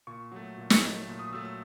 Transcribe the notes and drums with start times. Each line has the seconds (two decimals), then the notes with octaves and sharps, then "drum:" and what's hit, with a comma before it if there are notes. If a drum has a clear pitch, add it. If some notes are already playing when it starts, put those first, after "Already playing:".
0.07 A#2 C#6
0.32 F#3 A3
0.58 A#2
0.70 drum: snare
0.82 F#3 A3
1.07 A#2
1.19 D#6
1.32 F#3 A3 E6
1.45 E6